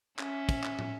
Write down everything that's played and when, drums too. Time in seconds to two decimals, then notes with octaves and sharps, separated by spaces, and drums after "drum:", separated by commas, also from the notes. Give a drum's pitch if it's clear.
0.19 C#4 E5, drum: clap
0.49 drum: kick, cymbal
0.64 drum: clap
0.79 drum: tom